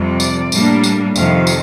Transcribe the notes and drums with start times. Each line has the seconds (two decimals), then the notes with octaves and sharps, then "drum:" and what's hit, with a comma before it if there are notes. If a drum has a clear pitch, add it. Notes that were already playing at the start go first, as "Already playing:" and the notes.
Already playing: F2 C3 G3
0.20 D5, drum: tambourine
0.52 A2 G3 A#3 D4, drum: tambourine
0.84 drum: tambourine
1.15 F2 C3 D#3 F5, drum: tambourine
1.47 drum: tambourine